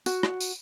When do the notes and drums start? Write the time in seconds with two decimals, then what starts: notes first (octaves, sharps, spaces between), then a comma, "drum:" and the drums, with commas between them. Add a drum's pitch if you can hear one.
0.06 F#4, drum: tambourine
0.23 drum: rim click
0.40 drum: tambourine